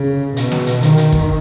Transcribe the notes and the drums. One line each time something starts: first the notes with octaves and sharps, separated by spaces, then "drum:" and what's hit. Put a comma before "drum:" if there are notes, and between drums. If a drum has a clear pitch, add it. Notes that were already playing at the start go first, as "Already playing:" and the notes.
Already playing: C#3
B2, drum: hi-hat
drum: snare
drum: hi-hat
D#3, drum: hi-hat
drum: hi-hat
drum: kick